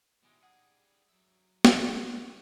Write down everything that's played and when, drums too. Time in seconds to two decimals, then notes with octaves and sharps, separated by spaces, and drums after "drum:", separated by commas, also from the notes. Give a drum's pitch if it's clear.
0.23 B2 E3 G3 G#3 D#4
0.43 G#4 F#5
1.09 F#3 E5
1.65 drum: snare